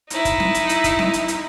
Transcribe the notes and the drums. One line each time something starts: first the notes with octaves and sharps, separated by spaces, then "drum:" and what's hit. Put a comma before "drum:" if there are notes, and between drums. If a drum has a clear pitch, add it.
D#4 E4, drum: hi-hat
drum: kick, hi-hat
drum: snare C4
drum: hi-hat
drum: hi-hat
drum: kick, hi-hat
drum: snare C4
drum: hi-hat
drum: hi-hat